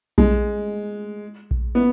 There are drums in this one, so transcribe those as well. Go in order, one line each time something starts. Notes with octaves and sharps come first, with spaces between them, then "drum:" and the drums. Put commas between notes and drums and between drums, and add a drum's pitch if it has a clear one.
G#3, drum: kick A#1
drum: kick A#1
B3